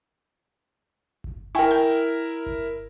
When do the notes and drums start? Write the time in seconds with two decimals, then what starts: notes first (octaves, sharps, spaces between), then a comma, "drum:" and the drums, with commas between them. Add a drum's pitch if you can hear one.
1.24 drum: kick G1
1.55 E4 A#4 G5 G#5 C#6
1.71 G5 G6
2.46 drum: kick G1